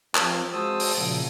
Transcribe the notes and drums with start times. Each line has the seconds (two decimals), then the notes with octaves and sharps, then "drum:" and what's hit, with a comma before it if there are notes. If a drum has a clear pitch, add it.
0.15 F3 C4 F4, drum: clap
0.52 G#3 F#4 C5 A5 D#6 E6
0.80 drum: open hi-hat
0.95 A#2 C#3 F3 A#3